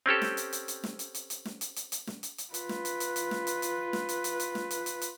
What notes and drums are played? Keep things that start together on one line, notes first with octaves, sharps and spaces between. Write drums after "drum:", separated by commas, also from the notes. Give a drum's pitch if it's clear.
C4 C#4 G4 A4
drum: snare
drum: hi-hat
drum: hi-hat
drum: hi-hat
drum: snare
drum: hi-hat
drum: hi-hat
drum: hi-hat
drum: snare
drum: hi-hat
drum: hi-hat
drum: hi-hat
drum: snare
drum: hi-hat
drum: hi-hat
F4 B4, drum: hi-hat
drum: snare
drum: hi-hat
drum: hi-hat
drum: hi-hat
drum: snare
drum: hi-hat
drum: hi-hat
drum: snare
drum: hi-hat
drum: hi-hat
drum: hi-hat
drum: snare
drum: hi-hat
drum: hi-hat
drum: hi-hat